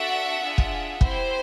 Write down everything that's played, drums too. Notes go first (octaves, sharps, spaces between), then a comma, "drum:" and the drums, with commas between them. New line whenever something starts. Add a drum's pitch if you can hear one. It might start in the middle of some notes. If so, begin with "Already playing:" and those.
Already playing: D4 F#4 A4 E5 F#5
D4 F4 G#4
drum: kick
C4 E4 G4 C5, drum: kick